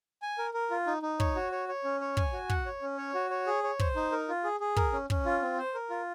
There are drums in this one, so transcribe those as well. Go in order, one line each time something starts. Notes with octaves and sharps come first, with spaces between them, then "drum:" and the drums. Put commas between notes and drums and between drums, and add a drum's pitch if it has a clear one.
G#5
A#4
A#4
F4
D#4
D#4
C#5, drum: kick
F#4
C#5
C#5
C#4
C#5
G#5, drum: kick
F#4
F#5, drum: kick
C#5
C#4
C#5
F#4
C#5
G#4
C#5
C5, drum: kick
D#4
A#4
F4
G#4
G#4
A#4, drum: kick
C#4
C#4, drum: kick
F4
C4
C5
A#4
F4